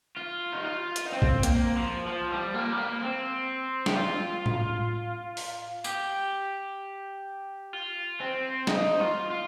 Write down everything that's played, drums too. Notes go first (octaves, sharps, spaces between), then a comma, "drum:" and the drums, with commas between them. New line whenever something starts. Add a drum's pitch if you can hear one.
F4
D#4
F4
drum: hi-hat
D#4
C4
drum: kick B1
A#3, drum: hi-hat
F3
F3
G3
A#3
G3
A#3
C4
G4, drum: snare
F4
drum: tom A2
drum: open hi-hat
G4, drum: tambourine
F4
C4
D#4, drum: snare
F4
F4